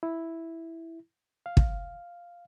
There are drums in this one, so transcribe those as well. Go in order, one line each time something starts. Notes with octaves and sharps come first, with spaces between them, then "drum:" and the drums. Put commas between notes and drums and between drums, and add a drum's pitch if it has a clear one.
E4
F5
drum: kick